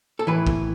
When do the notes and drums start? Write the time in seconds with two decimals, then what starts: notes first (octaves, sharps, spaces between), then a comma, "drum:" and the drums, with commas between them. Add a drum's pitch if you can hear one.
0.19 A4
0.27 A2 E3 B4
0.47 drum: kick A#1